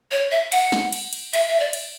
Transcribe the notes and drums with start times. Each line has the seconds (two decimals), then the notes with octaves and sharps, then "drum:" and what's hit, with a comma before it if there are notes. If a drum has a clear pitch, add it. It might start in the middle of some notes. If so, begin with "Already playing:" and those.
0.11 C#5
0.31 E5
0.52 F#5, drum: cymbal
0.72 drum: snare
0.92 drum: cymbal
1.13 drum: cymbal
1.33 E5, drum: cymbal
1.49 E5
1.60 D5
1.73 drum: cymbal